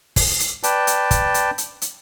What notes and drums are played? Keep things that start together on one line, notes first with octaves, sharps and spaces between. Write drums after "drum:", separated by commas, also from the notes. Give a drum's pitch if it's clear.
drum: kick, open hi-hat
drum: hi-hat
B4 D5 G5 A5, drum: hi-hat
drum: hi-hat
drum: kick, hi-hat
drum: hi-hat
drum: hi-hat
drum: hi-hat